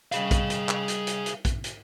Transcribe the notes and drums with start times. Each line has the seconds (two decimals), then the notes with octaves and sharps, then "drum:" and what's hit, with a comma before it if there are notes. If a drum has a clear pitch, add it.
0.12 G3 G#4 D#5 F5, drum: hi-hat
0.31 drum: kick A#1, hi-hat
0.50 drum: hi-hat
0.69 drum: clap
0.88 drum: hi-hat
1.07 drum: hi-hat
1.26 drum: hi-hat
1.45 drum: kick A#1, hi-hat
1.64 drum: hi-hat